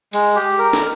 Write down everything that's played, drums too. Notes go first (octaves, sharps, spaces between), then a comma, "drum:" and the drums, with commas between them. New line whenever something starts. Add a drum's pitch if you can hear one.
G#3, drum: cymbal
G4
A#4
drum: snare